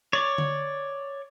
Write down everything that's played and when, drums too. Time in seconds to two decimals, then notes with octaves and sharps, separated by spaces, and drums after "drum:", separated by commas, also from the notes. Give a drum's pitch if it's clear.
0.13 C#5 D5
0.38 drum: tom D3